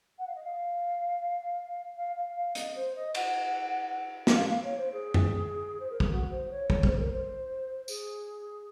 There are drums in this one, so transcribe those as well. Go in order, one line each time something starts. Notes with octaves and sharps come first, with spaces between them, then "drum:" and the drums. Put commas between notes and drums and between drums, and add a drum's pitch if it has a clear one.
F#5
F5
D#5
F5
F5
F5
F5
D#5, drum: hi-hat
C5
D#5
F#5, drum: cymbal
D#5, drum: snare
F5
F5
C#5
C5
G#4
drum: tom F#2
C5
A#4
G#4, drum: kick
F#4
C5
C#5
C#5, drum: kick
C5, drum: kick
A#4
C5
G#4, drum: tambourine